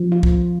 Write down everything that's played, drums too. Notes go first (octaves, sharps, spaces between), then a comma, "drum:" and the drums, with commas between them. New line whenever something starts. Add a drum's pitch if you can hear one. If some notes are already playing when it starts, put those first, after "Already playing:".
Already playing: F3
F4
drum: kick